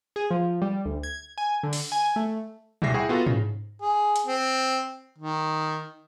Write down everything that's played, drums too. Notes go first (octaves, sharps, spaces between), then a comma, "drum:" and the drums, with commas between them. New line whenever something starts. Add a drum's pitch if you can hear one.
G#4
F3
G3
D2
G#6
G#5
D3
drum: open hi-hat
G#5
A3
D2 A2 G3 E5 A#6 C7, drum: tom A#2
E4 G#4 E5 F#5 G5 C#6
B3 F4 F#4 A4 F#5
C#3, drum: tom G#2
G#4
drum: hi-hat
C4
D#3